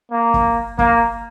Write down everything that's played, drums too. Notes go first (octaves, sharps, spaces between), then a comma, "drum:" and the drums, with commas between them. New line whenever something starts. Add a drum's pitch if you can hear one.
A#3
drum: kick
A#3, drum: kick